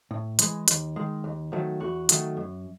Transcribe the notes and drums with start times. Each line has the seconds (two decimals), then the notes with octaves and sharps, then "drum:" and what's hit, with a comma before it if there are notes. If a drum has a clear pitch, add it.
0.11 A2
0.39 E3 G#3, drum: hi-hat
0.68 D#2, drum: hi-hat
0.96 D#3 G#3
1.24 D#2
1.52 D#3 F#3 A3
1.80 E2 F#4
2.09 D#3 F#3 A3, drum: hi-hat
2.37 F#2